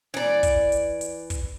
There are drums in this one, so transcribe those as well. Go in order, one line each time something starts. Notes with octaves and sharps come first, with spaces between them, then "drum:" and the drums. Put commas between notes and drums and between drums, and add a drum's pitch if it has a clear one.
E3 D5, drum: snare
drum: kick, hi-hat
drum: hi-hat
drum: hi-hat
drum: kick, hi-hat